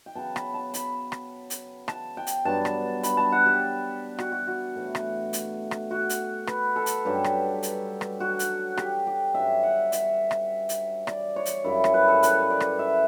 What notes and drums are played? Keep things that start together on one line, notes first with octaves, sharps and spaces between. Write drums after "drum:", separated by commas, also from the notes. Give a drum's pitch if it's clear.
G5
C#3 F#3 B3 A5
B5, drum: rim click
A5
B5, drum: hi-hat
drum: rim click
drum: hi-hat
A5, drum: rim click
G5
drum: hi-hat
G2 F#3 B3 D4 A5
drum: rim click
B5, drum: hi-hat
A5
F#5
G4
F#4, drum: rim click
F#4
F#4
A2 E3 A3
drum: rim click
drum: hi-hat
drum: rim click
F#4
drum: hi-hat
B4, drum: rim click
A4
drum: hi-hat
G2 F#3 C#4 G4
drum: rim click
drum: hi-hat
drum: rim click
F#4
drum: hi-hat
G4, drum: rim click
G4
G2 F#3 C#4 E5
F#5
E5, drum: hi-hat
drum: rim click
drum: hi-hat
D5, drum: rim click
C#5
drum: hi-hat
F#2 C#3 G3 E4
drum: rim click
B4
A4
B4, drum: hi-hat
D5
drum: rim click
E5